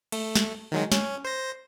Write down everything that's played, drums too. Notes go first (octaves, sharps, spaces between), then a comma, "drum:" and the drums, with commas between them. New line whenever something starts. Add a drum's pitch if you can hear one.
A3, drum: cymbal
drum: snare
D#3 F#3 G#3
C#4, drum: snare
C5 A#6